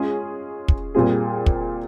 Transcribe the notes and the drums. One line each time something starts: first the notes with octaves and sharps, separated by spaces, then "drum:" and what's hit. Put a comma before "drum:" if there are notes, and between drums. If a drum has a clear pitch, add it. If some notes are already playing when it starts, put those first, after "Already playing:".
Already playing: G#3 C#4 F4 G#4
drum: kick
A#2 G3 C4 F4 G#4
drum: kick